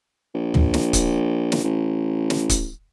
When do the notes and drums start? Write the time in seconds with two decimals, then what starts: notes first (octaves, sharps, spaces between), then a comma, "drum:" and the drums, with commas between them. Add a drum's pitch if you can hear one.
0.35 A#1
0.54 drum: tom
0.74 drum: snare
0.93 drum: kick C#1, hi-hat
1.52 drum: snare
1.64 A1
2.30 drum: snare
2.50 drum: kick C#1, hi-hat